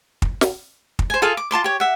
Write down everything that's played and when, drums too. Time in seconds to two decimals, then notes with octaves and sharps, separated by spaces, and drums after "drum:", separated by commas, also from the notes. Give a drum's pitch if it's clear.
0.22 drum: kick
0.41 drum: snare
0.99 drum: kick
1.10 C5 G#5
1.22 F4 G#4 A4 F5
1.37 D6
1.51 F4 A5 C6 D6
1.64 G4 C#5
1.80 E5 F#5